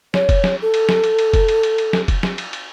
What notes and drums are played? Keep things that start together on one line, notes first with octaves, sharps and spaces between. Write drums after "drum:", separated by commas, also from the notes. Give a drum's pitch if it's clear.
C#5, drum: snare
drum: kick, cymbal
drum: snare
A4
drum: cymbal
drum: snare
drum: cymbal
drum: cymbal
drum: kick, cymbal
drum: cymbal
drum: cymbal
drum: cymbal
drum: snare
drum: kick, cymbal
drum: snare
drum: cymbal
drum: cymbal